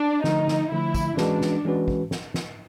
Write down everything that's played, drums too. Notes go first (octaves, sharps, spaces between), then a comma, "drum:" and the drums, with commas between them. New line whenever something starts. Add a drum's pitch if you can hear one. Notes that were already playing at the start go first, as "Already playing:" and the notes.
Already playing: D4
D3 F3 A3 D#4, drum: snare
drum: snare
D3 F3 A3 E4
drum: kick, tambourine
E3 G#3 C#4 D4 F#4 B4, drum: snare
drum: snare
E3 G#3 C#4 F#4 B4
drum: kick
drum: snare
drum: snare